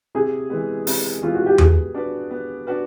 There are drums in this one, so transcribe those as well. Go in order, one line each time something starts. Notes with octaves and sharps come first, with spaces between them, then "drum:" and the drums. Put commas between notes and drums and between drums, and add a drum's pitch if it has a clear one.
C3 G#4
E3 G#3 B3
C3, drum: open hi-hat
E3 G#3 B3 F4
F#4
G4
B3 G#4, drum: tom E2
D4 F#4 B4
B3
D4 F#4 B4